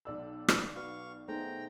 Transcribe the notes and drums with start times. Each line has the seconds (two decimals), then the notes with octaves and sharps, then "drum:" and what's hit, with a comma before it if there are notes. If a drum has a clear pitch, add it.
0.05 B1 D5 E6
0.48 drum: rim click
0.76 F#4 B4 F5 C#6
1.28 A3 B3 D#4 G#4 A4 C5 G5 A#5